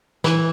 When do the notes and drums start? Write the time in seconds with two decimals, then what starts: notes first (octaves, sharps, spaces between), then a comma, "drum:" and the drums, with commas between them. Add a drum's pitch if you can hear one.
0.24 E3, drum: snare